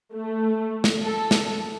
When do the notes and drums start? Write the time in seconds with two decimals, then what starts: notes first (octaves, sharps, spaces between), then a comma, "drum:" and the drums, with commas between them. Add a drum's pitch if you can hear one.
0.14 A3
0.84 drum: snare
1.04 A4
1.31 drum: snare